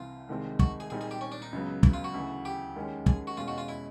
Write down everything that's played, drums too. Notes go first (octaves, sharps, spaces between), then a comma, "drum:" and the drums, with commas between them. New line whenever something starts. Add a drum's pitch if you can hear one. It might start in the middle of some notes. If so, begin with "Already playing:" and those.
Already playing: C2 C3 E3 F4
C2 C3 D#3 G#3 C4
F#4, drum: kick
G#4
A#2 G3 C4 D#4 G#4
G#4
G4
C#4
D4
D#4
C#2 C#3 F#3 B3
E4, drum: kick
F4
F#4
D2 C#3 E3
G4
D#2 D#3 G#3 C#4
G#4, drum: kick
F#4
E2 B2 G#3 C#4 F4
F#4
F4
E4